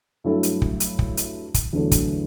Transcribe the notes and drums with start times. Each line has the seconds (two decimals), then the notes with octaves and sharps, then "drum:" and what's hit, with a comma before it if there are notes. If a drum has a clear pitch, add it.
0.24 G2 F#3 A3 E4 A4
0.43 drum: hi-hat
0.62 drum: kick
0.80 drum: hi-hat
0.99 drum: kick
1.17 drum: hi-hat
1.54 drum: kick, hi-hat
1.73 E2 D3 F#3 A3
1.91 drum: kick, hi-hat